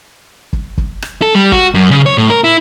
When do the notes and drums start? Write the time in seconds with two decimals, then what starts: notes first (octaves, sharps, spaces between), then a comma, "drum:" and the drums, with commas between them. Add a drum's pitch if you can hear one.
0.53 drum: kick
0.78 drum: kick
1.02 drum: rim click
1.22 A4
1.35 G3
1.52 F#4, drum: kick
1.74 F#2
1.91 C#3
2.06 C#5
2.18 A2
2.30 A#4
2.44 E4